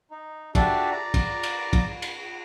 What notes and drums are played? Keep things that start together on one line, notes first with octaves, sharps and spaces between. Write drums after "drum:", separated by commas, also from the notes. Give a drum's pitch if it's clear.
D#4
D4 F#4 G4 A4 D5 E5, drum: kick, cymbal
D5 A#5
drum: kick, cymbal
drum: cymbal
drum: kick, cymbal
drum: cymbal